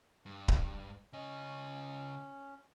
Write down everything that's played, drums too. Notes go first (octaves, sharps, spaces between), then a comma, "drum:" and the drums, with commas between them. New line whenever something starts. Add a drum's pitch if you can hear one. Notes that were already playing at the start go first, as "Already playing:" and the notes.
G2
drum: kick D1
C#3 C#4 D#5